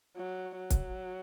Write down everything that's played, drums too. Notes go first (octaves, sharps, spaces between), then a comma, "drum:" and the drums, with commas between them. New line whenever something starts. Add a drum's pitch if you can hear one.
F#3
F#3
drum: kick, hi-hat